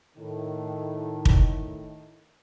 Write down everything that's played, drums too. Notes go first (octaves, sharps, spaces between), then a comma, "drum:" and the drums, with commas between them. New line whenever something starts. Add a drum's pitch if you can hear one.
A2 D#3
drum: kick